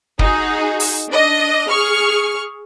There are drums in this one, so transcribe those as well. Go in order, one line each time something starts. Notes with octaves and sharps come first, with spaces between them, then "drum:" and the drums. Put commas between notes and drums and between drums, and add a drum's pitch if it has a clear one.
D#4 F#4 G#4, drum: kick
drum: open hi-hat
D4 D#5
G#4 C#6 F6